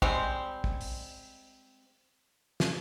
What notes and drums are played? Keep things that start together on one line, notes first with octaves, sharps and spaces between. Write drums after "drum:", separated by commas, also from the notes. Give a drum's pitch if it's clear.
G3 G#3 C4, drum: kick
drum: kick
drum: open hi-hat
drum: snare